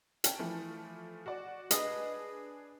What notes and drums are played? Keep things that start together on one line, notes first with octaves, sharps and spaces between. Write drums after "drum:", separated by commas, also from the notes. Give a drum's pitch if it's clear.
C#4 G5 A5, drum: hi-hat
E3 F3 A3
F#4 D5
D4 G#4 B4 D#5, drum: hi-hat